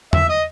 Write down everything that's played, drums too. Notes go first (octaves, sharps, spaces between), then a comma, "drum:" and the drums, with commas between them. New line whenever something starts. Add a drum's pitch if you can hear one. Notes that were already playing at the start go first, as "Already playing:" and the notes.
E5, drum: tom E2
D#5